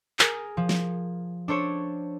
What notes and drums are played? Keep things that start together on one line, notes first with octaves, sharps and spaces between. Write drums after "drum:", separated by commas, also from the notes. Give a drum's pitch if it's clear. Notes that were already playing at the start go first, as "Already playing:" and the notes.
G#4 A#4, drum: clap
F3
drum: snare
D4 A4 C5 C#5